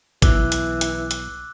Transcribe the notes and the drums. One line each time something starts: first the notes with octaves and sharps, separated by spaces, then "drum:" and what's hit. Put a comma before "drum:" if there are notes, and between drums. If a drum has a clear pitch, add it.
B1 E3 D6 E6 F#6, drum: kick, hi-hat
drum: hi-hat
drum: hi-hat
drum: hi-hat